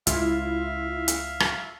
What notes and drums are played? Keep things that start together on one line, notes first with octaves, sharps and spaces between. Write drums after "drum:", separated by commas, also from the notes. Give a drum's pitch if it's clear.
C#2 E4 F4 E5 F5, drum: hi-hat
drum: hi-hat
drum: rim click